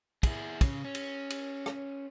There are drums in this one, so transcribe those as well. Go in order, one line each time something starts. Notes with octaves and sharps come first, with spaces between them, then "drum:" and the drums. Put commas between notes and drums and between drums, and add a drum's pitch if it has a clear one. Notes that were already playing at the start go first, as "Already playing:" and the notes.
E4 G#4, drum: kick, cymbal
C#3, drum: kick, cymbal
C#4
drum: cymbal
drum: cymbal
drum: rim click